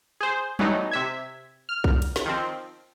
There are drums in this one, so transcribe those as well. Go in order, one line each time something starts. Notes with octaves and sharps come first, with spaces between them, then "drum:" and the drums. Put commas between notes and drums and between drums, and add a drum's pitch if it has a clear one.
G#4 C5
E3 F#3 G3 A3 B3 D#4, drum: tom F#3
C3 E5 G#6
F6
drum: kick B1
drum: cymbal
drum: snare
D#3 F3 C4